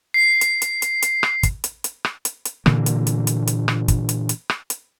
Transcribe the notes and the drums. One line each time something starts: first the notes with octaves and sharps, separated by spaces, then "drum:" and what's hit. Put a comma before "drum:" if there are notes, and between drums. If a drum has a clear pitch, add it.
C7
drum: hi-hat
drum: hi-hat
drum: hi-hat
drum: hi-hat
drum: rim click
drum: kick, hi-hat
drum: hi-hat
drum: hi-hat
drum: rim click
drum: hi-hat
drum: hi-hat
A#2 D3 E3 A#3, drum: rim click
drum: hi-hat
drum: hi-hat
drum: hi-hat
drum: hi-hat
drum: rim click
drum: kick, hi-hat
drum: hi-hat
drum: hi-hat
drum: rim click
drum: hi-hat